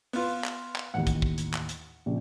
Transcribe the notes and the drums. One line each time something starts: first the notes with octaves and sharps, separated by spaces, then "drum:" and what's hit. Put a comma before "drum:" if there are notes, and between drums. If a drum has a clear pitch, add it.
B3 F4, drum: open hi-hat
drum: clap
drum: clap
A1 D#2 F#5
drum: kick, hi-hat
drum: kick
drum: hi-hat
drum: clap
drum: hi-hat
A#1 C#3